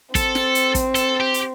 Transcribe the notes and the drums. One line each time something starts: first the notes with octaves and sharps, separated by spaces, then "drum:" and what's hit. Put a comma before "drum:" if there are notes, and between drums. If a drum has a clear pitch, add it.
C4 A4, drum: kick, hi-hat
drum: snare
drum: hi-hat
drum: kick, hi-hat
A4, drum: hi-hat
G4
drum: hi-hat